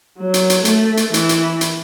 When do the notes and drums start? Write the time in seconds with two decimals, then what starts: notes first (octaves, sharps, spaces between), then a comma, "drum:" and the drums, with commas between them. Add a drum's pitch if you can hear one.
0.18 F#3
0.34 drum: hi-hat
0.50 drum: hi-hat
0.65 A3, drum: hi-hat
0.97 drum: hi-hat
1.14 E3, drum: hi-hat
1.29 drum: hi-hat
1.61 drum: hi-hat